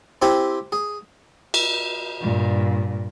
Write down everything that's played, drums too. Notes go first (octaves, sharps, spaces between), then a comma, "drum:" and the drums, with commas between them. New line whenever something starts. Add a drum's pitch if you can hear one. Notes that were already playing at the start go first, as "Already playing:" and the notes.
C4 E4 G4 G#5
G#4
drum: cymbal
G2 A#2